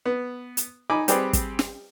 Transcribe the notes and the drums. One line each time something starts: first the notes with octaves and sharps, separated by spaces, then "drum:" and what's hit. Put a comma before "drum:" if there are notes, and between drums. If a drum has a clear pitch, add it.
B3
drum: hi-hat
D#4 G#5 B5 D6
G3 C4 G4 G#4 B4 D5, drum: hi-hat
drum: kick, hi-hat
drum: snare